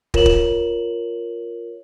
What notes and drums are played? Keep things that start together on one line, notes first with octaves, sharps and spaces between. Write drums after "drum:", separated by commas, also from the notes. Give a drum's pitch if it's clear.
F4 A#4 C#5 E7 F#7, drum: kick
drum: kick